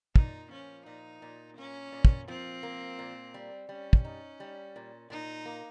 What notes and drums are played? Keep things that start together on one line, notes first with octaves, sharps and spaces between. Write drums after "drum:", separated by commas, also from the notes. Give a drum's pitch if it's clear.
A#2 D#4, drum: kick
F3 C#4
A#2 D#4
A#2
A#3 C#4
A#2
drum: kick
F3 C4
A#3
A#2
G3
G3 C#4
drum: kick
D#4
G3
A#2
A#2 D#4
A#3